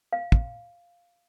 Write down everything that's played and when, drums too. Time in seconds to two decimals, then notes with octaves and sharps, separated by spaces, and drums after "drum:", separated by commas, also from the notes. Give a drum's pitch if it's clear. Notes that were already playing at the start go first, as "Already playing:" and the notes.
0.13 F5
0.32 drum: kick